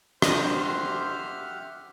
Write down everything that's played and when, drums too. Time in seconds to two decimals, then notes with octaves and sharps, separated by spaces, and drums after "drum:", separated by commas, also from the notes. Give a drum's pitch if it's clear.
0.22 D4 G4 C5 D#5 E5 F#5 F6, drum: rim click